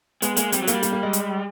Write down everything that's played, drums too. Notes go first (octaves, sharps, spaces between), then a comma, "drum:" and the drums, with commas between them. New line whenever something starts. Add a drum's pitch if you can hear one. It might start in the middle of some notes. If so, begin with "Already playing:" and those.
G#3 B3, drum: hi-hat
G#3 A#3, drum: hi-hat
G3 C4, drum: hi-hat
F#3
A#3, drum: hi-hat
G3
A#3, drum: hi-hat
A#3
G#3
drum: hi-hat